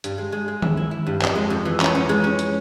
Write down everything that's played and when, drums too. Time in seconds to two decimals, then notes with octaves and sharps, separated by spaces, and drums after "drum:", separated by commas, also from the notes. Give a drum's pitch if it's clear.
0.04 G2, drum: hi-hat
0.18 G#3
0.32 G#3
0.48 G#3
0.62 E4, drum: tom D#3
0.77 E4
0.91 E4
1.07 G2
1.22 F2, drum: clap
1.35 G#3
1.50 F2
1.65 E3
1.80 C#4, drum: clap
1.95 C#4
2.09 G#3
2.24 C#4
2.39 drum: hi-hat